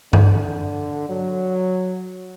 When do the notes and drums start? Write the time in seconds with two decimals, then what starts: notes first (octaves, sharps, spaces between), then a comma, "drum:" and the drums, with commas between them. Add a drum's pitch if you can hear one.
0.13 D3, drum: tom G2
1.10 F#3